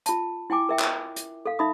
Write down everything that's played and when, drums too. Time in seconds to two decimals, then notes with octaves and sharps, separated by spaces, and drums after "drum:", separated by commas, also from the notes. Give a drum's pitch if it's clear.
0.06 F4 A5, drum: hi-hat
0.50 E4 G5 G#5 D6
0.69 A#4 E5 G5
0.80 drum: clap
1.16 drum: hi-hat
1.46 A4 F5
1.59 D#4 E5 B5 D#6